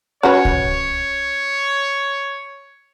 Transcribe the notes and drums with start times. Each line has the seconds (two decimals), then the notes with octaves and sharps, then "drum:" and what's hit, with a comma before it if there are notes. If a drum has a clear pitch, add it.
0.23 C#4 F#4 B4 C#5
0.45 drum: kick C2